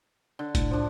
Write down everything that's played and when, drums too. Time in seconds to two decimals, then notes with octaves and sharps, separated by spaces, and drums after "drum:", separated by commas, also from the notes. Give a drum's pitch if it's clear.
0.39 D3
0.55 C2 A2, drum: kick F#1, hi-hat
0.71 F3 D4